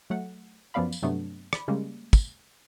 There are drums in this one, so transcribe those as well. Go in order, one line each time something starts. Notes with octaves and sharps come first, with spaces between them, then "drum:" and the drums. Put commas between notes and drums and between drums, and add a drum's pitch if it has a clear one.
F#3 A3 F#5
F#2 F3 B3 D5 F5 B5
drum: tambourine
G2 C3 F#3 A3 B3 D4
D5 B5, drum: rim click
C#3 G3 G#3 A#3 C#4
drum: kick, tambourine